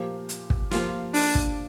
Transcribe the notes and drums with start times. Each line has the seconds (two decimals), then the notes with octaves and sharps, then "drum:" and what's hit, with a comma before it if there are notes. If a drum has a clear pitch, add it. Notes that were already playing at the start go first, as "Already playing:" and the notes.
Already playing: A#2 F3 A#3 G4 C5
0.29 drum: hi-hat
0.50 drum: kick
0.71 F3 A#3 F4 G4, drum: snare
1.14 D4, drum: open hi-hat
1.35 drum: kick